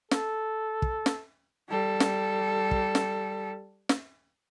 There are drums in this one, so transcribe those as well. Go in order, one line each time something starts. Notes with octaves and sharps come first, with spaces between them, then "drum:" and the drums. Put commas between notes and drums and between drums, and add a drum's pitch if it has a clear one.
A4, drum: snare
drum: kick
drum: snare
G3 A4
drum: snare
drum: kick
drum: snare
drum: snare